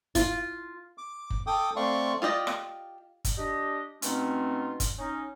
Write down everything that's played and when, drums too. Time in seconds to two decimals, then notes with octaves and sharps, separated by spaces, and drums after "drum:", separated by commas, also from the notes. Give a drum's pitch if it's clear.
0.15 F4, drum: kick F#1, hi-hat
0.98 D6
1.30 drum: kick F#1
1.47 A4 G5 D6 D#6
1.76 A3 C4 D5 F5 C6 C#6
2.22 F4 G4 D5 D#5
2.47 drum: rim click
3.25 drum: kick F#1, hi-hat
3.37 D4 G4 D#5
4.02 B2 A3 C4 C#4 D#4 F4, drum: hi-hat
4.80 drum: kick F#1, hi-hat
4.98 C#4 D#4